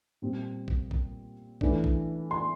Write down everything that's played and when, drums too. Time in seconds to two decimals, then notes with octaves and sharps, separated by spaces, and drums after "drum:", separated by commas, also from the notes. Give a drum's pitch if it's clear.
0.22 A#2 G3 C4
0.68 drum: kick
0.91 drum: kick
1.61 E3 A3 D4, drum: kick
1.84 drum: kick
2.31 C6